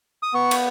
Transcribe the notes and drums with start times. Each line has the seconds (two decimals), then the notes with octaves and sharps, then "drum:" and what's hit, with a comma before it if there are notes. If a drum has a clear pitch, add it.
0.23 D#6
0.34 B3 C#6
0.51 drum: cymbal